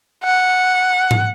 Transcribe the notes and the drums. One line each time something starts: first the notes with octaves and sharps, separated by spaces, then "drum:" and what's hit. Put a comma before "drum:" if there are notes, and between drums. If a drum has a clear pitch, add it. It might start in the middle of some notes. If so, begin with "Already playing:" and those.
F#5
drum: tom G#2